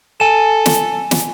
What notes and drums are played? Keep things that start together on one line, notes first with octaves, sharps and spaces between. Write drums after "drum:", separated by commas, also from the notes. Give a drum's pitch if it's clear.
A4 G#5 E7
drum: snare
drum: snare